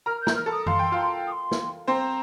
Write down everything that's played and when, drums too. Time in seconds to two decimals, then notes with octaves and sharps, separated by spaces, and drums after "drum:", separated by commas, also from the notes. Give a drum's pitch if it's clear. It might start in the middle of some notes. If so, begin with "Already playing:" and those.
0.06 A#4 A#5 F6
0.22 G6
0.27 A#4 A#5, drum: snare
0.36 F6
0.46 A4 A5
0.52 D#6
0.66 F5 C6, drum: tom F#2
0.79 G5
0.92 F4 F5
1.27 D#6
1.32 C6
1.51 drum: snare
1.88 C4 C5 A#5